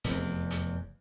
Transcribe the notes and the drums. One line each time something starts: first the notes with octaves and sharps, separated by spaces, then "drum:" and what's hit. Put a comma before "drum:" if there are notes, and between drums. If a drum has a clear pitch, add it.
F1 E2, drum: hi-hat
drum: hi-hat